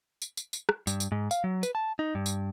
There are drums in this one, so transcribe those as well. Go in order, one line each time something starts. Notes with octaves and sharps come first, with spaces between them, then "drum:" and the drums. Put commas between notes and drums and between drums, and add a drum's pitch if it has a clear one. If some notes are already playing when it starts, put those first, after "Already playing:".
drum: tambourine
drum: tambourine
drum: tambourine
drum: rim click
G2, drum: tambourine
drum: tambourine
G#2
F5, drum: tambourine
F#3
B4, drum: tambourine
A5
D#4
G2
drum: tambourine